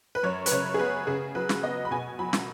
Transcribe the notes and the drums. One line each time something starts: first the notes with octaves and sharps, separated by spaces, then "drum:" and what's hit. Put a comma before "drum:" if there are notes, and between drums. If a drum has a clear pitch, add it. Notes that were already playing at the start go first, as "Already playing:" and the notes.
B4
F#2 C#5
B4, drum: hi-hat
C#3 C#5
G#4
B3 B4
C#3 G#4
F#3 B4
drum: snare
B3 D#5
B5
B2 G#5
F#3 B5
drum: snare